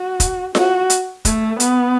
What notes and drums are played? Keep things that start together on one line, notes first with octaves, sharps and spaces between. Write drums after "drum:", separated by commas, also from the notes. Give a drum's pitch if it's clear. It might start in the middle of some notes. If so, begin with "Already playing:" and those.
Already playing: F#4
drum: kick, hi-hat
F#4, drum: snare F4
drum: hi-hat
A3, drum: kick, hi-hat
B3, drum: hi-hat